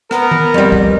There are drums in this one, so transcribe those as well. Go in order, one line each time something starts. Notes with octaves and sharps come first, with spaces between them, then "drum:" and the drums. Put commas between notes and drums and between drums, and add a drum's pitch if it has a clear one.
B3 A#4, drum: rim click
drum: tom D#3
F2 G3
drum: kick C2